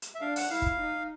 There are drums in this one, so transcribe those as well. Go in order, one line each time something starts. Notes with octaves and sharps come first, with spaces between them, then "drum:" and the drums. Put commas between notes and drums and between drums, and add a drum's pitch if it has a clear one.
drum: hi-hat
E5
D4 F5
F#5, drum: open hi-hat
E4 F5
drum: kick
D#4